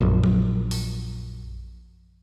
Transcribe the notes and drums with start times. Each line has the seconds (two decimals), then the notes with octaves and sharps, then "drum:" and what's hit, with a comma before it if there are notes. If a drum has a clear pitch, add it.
0.01 A#1 F#2
0.24 drum: tom F#3
0.71 drum: open hi-hat